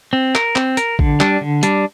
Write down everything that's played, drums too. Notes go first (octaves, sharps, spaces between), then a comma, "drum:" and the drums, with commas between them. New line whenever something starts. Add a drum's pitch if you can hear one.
C4
A#4, drum: clap
C4, drum: clap
A#4, drum: hi-hat
D3, drum: kick
G3 D4, drum: clap
D3
G3 D4, drum: hi-hat